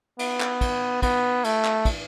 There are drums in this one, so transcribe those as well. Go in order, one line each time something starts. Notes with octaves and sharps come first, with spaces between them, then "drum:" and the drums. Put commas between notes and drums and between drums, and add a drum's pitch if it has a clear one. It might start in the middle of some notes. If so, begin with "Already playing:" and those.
B3, drum: cymbal
drum: clap
drum: kick, cymbal
B3, drum: kick, cymbal
A3, drum: cymbal
drum: clap
drum: kick, cymbal